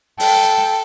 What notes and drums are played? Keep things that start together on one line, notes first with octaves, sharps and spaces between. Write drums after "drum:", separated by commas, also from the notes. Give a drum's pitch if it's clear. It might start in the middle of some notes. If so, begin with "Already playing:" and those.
A4 G5, drum: open hi-hat